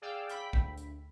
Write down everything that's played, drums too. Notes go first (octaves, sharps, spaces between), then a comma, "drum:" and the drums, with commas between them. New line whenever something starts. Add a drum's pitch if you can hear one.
G#4 D5 F5 G5 E6
G5 B5 B6, drum: hi-hat
D2, drum: kick
drum: hi-hat